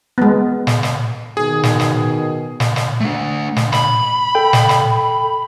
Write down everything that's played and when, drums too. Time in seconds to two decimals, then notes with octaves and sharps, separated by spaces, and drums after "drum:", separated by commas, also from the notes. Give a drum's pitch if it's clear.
0.18 G#3 B3
0.67 drum: snare
0.83 drum: snare
1.37 B2 D#3 G#4
1.63 drum: snare
1.80 drum: snare
2.60 drum: snare
2.76 drum: snare
3.00 A3 D4
3.56 drum: snare
3.73 B5, drum: snare
4.35 A4 G5
4.53 drum: snare
4.69 drum: snare